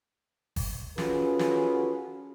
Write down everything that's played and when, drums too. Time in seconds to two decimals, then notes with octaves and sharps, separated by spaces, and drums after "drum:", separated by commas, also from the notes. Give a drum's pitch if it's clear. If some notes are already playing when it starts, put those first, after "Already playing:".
0.56 drum: kick G1, open hi-hat
0.98 C#4 F4 F#4 G#4 A4 B4, drum: snare
1.39 drum: snare